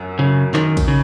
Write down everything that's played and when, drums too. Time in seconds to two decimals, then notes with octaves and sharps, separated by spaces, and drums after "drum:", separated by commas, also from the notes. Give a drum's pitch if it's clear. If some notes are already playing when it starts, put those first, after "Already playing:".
Already playing: F#2 F#3 F#4
0.19 C#3 F#3
0.54 D#3 D#4, drum: clap
0.77 drum: kick, cymbal
0.88 C#3